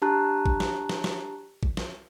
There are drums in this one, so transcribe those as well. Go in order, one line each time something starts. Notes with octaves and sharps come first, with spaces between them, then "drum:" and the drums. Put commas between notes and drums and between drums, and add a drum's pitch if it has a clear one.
D4 G4 A5 A#5 F#6
drum: kick
drum: snare
drum: snare
drum: snare
drum: kick
drum: snare